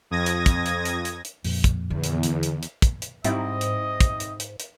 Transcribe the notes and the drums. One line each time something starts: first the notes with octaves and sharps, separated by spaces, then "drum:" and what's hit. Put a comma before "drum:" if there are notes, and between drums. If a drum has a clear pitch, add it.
F2 D#6 G#6 A#6
drum: hi-hat
drum: kick, hi-hat
drum: hi-hat
drum: hi-hat
drum: hi-hat
drum: hi-hat
F2 A#2, drum: open hi-hat
drum: kick, hi-hat
E2 D3
drum: hi-hat
drum: hi-hat
drum: hi-hat
drum: hi-hat
drum: kick, hi-hat
drum: hi-hat
G#2 G3 C4 E4 D#5, drum: hi-hat
drum: hi-hat
drum: kick, hi-hat
drum: hi-hat
drum: hi-hat
drum: hi-hat